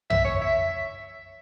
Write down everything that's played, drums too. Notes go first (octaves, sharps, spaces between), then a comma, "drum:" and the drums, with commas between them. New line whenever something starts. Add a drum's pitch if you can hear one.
E5, drum: tom
C#5
E5